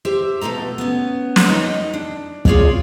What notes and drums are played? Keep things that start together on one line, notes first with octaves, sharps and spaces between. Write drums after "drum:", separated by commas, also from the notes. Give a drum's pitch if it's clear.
G4 C5 E5
B2 F3 A3 A4 A#5
B3 C#4
drum: snare
D#4 D#5 G5
D4
F4 G#4 C#5 D5 F5 G5, drum: kick